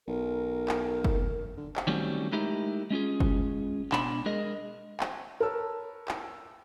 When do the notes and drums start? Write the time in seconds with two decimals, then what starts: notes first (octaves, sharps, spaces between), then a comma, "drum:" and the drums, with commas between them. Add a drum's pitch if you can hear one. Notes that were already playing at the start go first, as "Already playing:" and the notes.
0.07 B1 A#4
0.68 drum: clap
1.04 drum: kick F#1
1.57 D3
1.76 drum: clap
1.87 D#3 F#3 G3 A3 C4 C#4
2.32 G#3 A3 D#4 E4 G4 A#4
2.90 G#3 C#4 F4 G#4
3.20 drum: kick F#1
3.92 B2 D4 B5 C6, drum: clap
4.26 G#3 G#4 A#4 D#5
5.00 drum: clap
5.40 A#4 B4 C#5 A5 E6
6.08 drum: clap